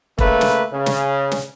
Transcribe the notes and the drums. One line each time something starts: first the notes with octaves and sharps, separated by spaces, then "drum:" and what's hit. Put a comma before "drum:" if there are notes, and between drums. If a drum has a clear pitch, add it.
C#3 A3 A#3 B4, drum: kick E1
drum: snare
C#3
drum: snare
drum: snare